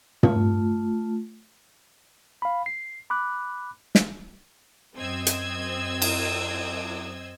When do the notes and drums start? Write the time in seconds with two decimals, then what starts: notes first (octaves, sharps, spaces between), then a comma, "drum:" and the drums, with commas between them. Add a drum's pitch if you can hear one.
0.23 A3 F4, drum: tom
2.42 F5 B5
2.66 C7
3.10 B5 D6 F#6
3.95 drum: snare
4.96 F#2 C4 D#5 E6 G#6
5.27 drum: hi-hat
6.02 drum: cymbal